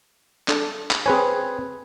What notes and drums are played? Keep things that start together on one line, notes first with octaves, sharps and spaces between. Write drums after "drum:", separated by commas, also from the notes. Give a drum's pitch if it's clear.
D4 A4, drum: clap
drum: clap
C4 G#4 B4 C#5 G#5